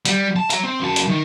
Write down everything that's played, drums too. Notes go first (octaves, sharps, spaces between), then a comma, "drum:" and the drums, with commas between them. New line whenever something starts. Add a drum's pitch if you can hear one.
G3, drum: hi-hat
A5
C#5 A#5, drum: hi-hat
C4
F#2 A5
drum: hi-hat
D#3